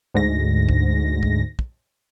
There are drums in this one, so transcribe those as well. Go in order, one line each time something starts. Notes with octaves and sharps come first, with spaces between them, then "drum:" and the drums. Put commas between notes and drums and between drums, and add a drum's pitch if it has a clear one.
D2 G#2 A#6
drum: kick
drum: kick
drum: kick